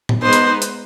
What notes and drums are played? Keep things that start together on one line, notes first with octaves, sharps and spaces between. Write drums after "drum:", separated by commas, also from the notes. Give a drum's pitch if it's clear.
drum: tom A2
G#3 B3 D#4 B4 C5
drum: hi-hat
drum: hi-hat